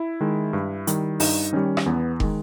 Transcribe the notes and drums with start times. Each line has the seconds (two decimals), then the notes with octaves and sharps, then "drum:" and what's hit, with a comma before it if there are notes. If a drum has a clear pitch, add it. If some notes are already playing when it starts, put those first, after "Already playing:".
Already playing: E4
0.21 D#3 G#3
0.53 G2
0.87 D#3 G3, drum: hi-hat
1.20 G2 D#4, drum: open hi-hat
1.53 D#3 G3 C#4
1.77 drum: rim click
1.86 E2 B3
2.20 D#3 G#3, drum: kick